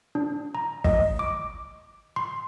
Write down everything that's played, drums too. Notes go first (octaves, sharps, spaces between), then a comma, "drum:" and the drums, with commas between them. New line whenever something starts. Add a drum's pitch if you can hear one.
D4
A#5
D#5, drum: kick
D6
C6